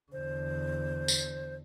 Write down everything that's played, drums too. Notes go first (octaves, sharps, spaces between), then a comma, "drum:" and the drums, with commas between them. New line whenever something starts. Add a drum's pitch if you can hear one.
E2 D3 C5
drum: tambourine